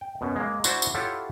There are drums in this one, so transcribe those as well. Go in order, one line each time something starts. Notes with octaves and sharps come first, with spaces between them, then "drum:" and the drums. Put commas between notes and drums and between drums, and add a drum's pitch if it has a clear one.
G5
F#2 B2
G#3 A#3
D4 E4 F#4 C5, drum: tambourine
drum: tambourine
E4 F4 G4 A4 C#5 F#5